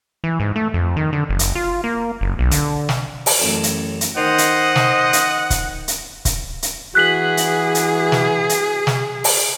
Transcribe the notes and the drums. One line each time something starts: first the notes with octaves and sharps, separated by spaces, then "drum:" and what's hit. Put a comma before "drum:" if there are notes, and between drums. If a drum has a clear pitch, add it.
E3
G#2
A3
F2
D#3
D3
F#1
drum: hi-hat
F4
A#3
F#1
B1
D3, drum: hi-hat
drum: snare
drum: open hi-hat
A1 F#2 A4
drum: hi-hat
drum: hi-hat
D#3 C5 D#5 F#5
drum: hi-hat
drum: snare
drum: hi-hat
drum: kick, hi-hat
drum: hi-hat
drum: kick, hi-hat
drum: hi-hat
E3 F#4 G#4 F#6 B6 F#7
drum: hi-hat
drum: hi-hat
drum: snare
drum: hi-hat
drum: snare
drum: open hi-hat